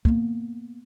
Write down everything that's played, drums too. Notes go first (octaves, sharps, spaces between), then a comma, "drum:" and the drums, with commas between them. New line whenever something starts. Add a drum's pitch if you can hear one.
A#3 B3, drum: kick